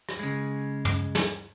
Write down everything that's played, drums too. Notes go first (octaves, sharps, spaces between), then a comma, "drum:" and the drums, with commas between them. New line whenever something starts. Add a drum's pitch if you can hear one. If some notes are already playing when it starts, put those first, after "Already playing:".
drum: rim click
C#3 G#3
drum: tom
drum: snare